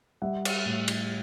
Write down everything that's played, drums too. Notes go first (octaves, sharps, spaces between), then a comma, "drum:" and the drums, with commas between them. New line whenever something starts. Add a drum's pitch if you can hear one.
G3 E5 F#5
drum: cymbal
A2
drum: cymbal